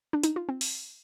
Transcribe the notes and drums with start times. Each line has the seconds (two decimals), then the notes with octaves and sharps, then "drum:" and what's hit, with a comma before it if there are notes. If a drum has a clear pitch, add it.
0.13 D4
0.23 D#4, drum: hi-hat
0.36 F4
0.49 C4
0.61 drum: open hi-hat